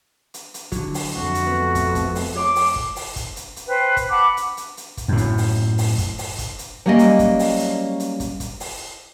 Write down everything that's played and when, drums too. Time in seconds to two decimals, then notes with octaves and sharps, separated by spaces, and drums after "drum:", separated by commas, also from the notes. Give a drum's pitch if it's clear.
0.34 drum: hi-hat
0.54 drum: hi-hat
0.72 D3 F#3, drum: kick, hi-hat
0.94 drum: open hi-hat
1.14 F2 A3 F#4
1.35 drum: hi-hat
1.47 B3
1.75 drum: kick, hi-hat
1.95 drum: kick, hi-hat
2.15 drum: open hi-hat
2.37 C#5 C6 D6
2.56 drum: open hi-hat
2.76 drum: kick
2.96 drum: open hi-hat
3.16 drum: kick, hi-hat
3.36 drum: hi-hat
3.56 drum: hi-hat
3.68 B4 C5 G5
3.97 drum: kick, hi-hat
4.10 F#5 A5 B5 D6
4.37 drum: hi-hat
4.57 drum: hi-hat
4.77 drum: hi-hat
4.97 drum: kick, hi-hat
5.08 F#2 A2
5.18 drum: kick, hi-hat
5.38 drum: open hi-hat
5.78 drum: open hi-hat
5.98 drum: kick, hi-hat
6.18 drum: open hi-hat
6.38 drum: kick, hi-hat
6.59 drum: hi-hat
6.86 F#3 G3 A#3 C#4 D5 D#5
6.99 drum: hi-hat
7.19 drum: kick, hi-hat
7.39 drum: open hi-hat
7.59 drum: hi-hat
8.00 drum: hi-hat
8.20 drum: kick, hi-hat
8.40 drum: kick, hi-hat
8.60 drum: open hi-hat